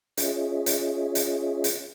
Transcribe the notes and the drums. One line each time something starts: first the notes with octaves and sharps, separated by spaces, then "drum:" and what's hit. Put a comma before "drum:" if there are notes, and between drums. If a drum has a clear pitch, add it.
C#4 F4 G#4 C#5 D#5 E5, drum: hi-hat
drum: hi-hat
drum: hi-hat
drum: hi-hat